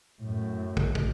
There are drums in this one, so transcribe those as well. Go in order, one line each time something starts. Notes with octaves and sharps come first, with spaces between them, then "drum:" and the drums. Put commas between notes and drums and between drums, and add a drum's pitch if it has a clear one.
F#2 A2
drum: kick
drum: kick